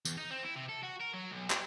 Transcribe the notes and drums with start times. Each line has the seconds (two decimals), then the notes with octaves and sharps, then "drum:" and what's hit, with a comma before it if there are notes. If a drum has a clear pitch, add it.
0.05 E2, drum: tambourine
0.17 D#4
0.30 C4
0.43 E4
0.56 C3
0.69 A4
0.83 F#4
1.00 A#4
1.13 F#3
1.31 B1
1.50 G4, drum: clap